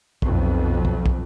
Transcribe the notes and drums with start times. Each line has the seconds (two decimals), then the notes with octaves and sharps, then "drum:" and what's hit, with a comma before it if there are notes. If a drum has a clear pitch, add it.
0.22 B1 F2, drum: kick
0.85 drum: kick
1.06 drum: kick